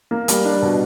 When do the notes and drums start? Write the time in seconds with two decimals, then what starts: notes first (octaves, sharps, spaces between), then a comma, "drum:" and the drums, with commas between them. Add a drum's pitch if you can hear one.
0.11 A#3
0.28 G3, drum: hi-hat
0.45 D4
0.62 B2